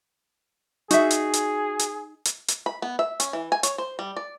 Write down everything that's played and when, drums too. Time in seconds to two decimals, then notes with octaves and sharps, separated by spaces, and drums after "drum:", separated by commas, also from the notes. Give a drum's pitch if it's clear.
0.91 D#4 F#4 G#4 E5, drum: hi-hat
1.11 drum: hi-hat
1.34 drum: hi-hat
1.79 drum: hi-hat
2.25 drum: hi-hat
2.48 drum: hi-hat
2.66 B5
2.82 B3
2.99 E5
3.20 C#4, drum: hi-hat
3.33 E3
3.52 G#5
3.63 C#5, drum: hi-hat
3.78 C5
3.99 G3
4.16 D5